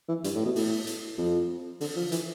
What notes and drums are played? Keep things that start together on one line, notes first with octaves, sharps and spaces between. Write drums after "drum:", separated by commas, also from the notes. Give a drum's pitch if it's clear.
E3
G2, drum: hi-hat
A2
B2
A2, drum: open hi-hat
drum: hi-hat
F2
D3, drum: open hi-hat
F3
E3, drum: hi-hat